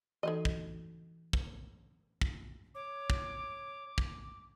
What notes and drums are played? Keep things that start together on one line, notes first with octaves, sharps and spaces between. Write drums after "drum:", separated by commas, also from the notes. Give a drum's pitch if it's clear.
E3 D#4 F#4 A4 C5 D#5
drum: kick
drum: kick
drum: kick
C#5 D6
drum: kick
drum: kick